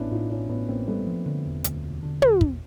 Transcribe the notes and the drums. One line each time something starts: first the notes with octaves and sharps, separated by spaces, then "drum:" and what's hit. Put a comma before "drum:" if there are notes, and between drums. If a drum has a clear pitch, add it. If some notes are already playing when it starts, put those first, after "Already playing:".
Already playing: A1 B3 C#4 D4 E4
A2 D#4 F4
A1 C#4 D#4
A2 B3 C#4
A1 A#3 C4
G3 A3 B3
F3
D3
E1
D2, drum: hi-hat
E1
D3
E1, drum: tom
E1, drum: kick